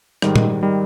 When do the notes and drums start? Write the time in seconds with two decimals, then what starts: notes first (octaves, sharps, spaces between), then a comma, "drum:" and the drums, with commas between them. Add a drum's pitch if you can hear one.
0.22 G#2 D#3 G3, drum: rim click
0.36 drum: tom
0.63 D#3 G3